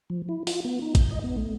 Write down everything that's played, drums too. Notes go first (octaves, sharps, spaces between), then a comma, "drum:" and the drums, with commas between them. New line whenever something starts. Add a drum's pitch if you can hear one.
F3
E4
F4, drum: open hi-hat
B3
D#4
G6, drum: kick A1, hi-hat
D#5
B3
A3